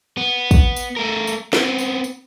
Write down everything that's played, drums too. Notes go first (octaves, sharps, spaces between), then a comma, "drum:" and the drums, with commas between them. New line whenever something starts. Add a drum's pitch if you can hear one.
B3
drum: kick, tambourine
drum: tambourine
A3 A#4
drum: tambourine
B3 C4, drum: snare
drum: tambourine
drum: tambourine